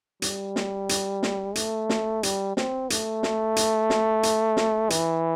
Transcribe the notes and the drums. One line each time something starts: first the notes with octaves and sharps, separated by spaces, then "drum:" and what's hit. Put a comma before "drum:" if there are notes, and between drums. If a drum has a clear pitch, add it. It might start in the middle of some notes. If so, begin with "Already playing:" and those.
G3, drum: hi-hat
drum: snare
drum: hi-hat
drum: snare
A3, drum: hi-hat
drum: snare
G3, drum: hi-hat
C4, drum: snare
A3, drum: hi-hat
drum: snare
drum: hi-hat
drum: snare
drum: hi-hat
drum: snare
E3, drum: hi-hat